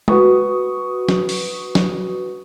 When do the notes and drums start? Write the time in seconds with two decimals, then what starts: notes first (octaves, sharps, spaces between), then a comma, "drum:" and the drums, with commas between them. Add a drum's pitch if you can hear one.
0.08 F#4 B4 C#6 D#6, drum: tom G#3
1.09 drum: snare
1.29 drum: open hi-hat
1.75 drum: snare